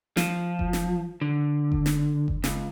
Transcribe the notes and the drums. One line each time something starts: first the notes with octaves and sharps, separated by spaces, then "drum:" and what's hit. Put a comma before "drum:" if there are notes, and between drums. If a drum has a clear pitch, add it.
F3, drum: snare
drum: kick F#1
drum: snare
D3
drum: kick F#1
drum: snare
drum: kick F#1
C#2, drum: snare